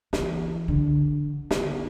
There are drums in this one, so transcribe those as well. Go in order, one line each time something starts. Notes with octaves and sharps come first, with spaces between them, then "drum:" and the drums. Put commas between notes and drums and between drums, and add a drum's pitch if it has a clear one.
E3, drum: snare
D3
D#3, drum: snare